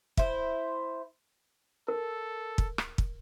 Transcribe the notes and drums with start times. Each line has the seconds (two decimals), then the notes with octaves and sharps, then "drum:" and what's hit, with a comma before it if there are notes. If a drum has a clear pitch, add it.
0.17 E4 C5, drum: kick
1.88 A4 A#4
2.58 drum: kick
2.78 drum: rim click
2.98 drum: kick